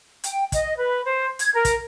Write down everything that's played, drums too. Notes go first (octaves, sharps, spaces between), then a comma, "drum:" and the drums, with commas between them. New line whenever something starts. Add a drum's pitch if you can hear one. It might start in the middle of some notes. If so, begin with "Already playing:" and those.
G5, drum: hi-hat
D#5, drum: kick, hi-hat
B4
C5
G#6, drum: hi-hat
A#4
drum: kick, hi-hat